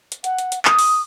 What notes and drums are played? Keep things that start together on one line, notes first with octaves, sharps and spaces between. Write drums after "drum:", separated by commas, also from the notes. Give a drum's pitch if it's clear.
drum: hi-hat
F#5, drum: hi-hat
drum: hi-hat
drum: hi-hat
D#6, drum: clap
drum: open hi-hat